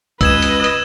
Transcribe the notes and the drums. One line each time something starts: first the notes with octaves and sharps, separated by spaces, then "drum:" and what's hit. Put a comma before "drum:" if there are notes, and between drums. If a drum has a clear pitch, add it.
C#2 B4 D#5 E6 G#6 E7, drum: kick, hi-hat
drum: hi-hat
drum: hi-hat